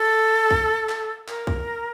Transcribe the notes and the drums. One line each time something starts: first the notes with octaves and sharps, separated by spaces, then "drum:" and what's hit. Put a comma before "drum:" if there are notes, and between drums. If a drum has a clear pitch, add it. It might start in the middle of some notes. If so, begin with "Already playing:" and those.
Already playing: A4
drum: kick
drum: clap
A#4, drum: clap
drum: kick